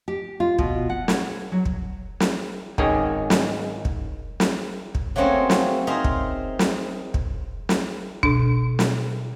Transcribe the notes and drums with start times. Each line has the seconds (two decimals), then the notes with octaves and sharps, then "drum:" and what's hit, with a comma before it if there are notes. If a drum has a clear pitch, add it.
0.08 G4
0.40 F4
0.59 B2, drum: kick
0.90 F#5
1.08 C#5, drum: snare
1.52 F#3
1.66 drum: kick
2.20 drum: snare
2.78 G#1 D#3 C#4 G#4, drum: kick
3.30 drum: snare
3.85 drum: kick
4.40 drum: snare
4.95 drum: kick
5.16 F#3 A3 A#3 C4 C#4 G#4
5.50 drum: snare
5.87 D#4 G#4 A#4 C5 E5 F5
6.04 drum: kick
6.59 drum: snare
7.14 drum: kick
7.69 drum: snare
8.23 B2 D4, drum: kick
8.79 drum: snare